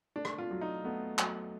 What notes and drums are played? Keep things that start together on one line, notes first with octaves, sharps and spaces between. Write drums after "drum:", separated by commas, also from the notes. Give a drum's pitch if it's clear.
A3 D4
drum: rim click
F4
F#3
D#4
A3 B3
F#3, drum: clap